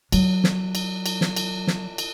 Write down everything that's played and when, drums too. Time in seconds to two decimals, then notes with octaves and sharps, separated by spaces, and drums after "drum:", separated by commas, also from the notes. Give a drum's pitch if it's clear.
0.12 F#3, drum: cymbal
0.44 drum: snare
0.75 drum: cymbal
1.06 drum: cymbal
1.21 drum: snare
1.36 drum: cymbal
1.67 drum: snare
1.98 drum: cymbal